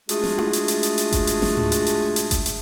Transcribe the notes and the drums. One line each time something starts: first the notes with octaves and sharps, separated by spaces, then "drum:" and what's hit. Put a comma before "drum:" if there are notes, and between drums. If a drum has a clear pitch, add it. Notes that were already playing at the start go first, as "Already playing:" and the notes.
G#3 A3 D4 F4 F#4 G#4, drum: hi-hat
drum: snare
drum: tom E4
drum: hi-hat
drum: hi-hat
drum: hi-hat
drum: hi-hat
drum: kick G1, hi-hat
drum: hi-hat
drum: snare
drum: tom G#2
drum: hi-hat
drum: hi-hat
drum: hi-hat
drum: kick G1, hi-hat
drum: hi-hat